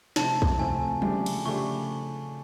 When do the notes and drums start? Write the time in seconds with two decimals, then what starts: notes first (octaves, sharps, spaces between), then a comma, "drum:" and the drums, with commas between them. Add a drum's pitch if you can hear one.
0.16 C3 F3 A3 C4 E4 A5, drum: snare
0.42 drum: kick
0.59 C3 F3 A3 C4 E4 G#5
1.02 C#3 F3 A3 D4 G4, drum: tom F#3
1.26 drum: cymbal
1.45 C#3 F3 A3 D4 G4 C#6